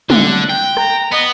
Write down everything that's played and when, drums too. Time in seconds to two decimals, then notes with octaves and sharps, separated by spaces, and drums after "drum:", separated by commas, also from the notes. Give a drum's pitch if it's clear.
0.10 D3 F#6, drum: tom
0.50 G5
0.77 A#5, drum: rim click
1.12 B3 D#5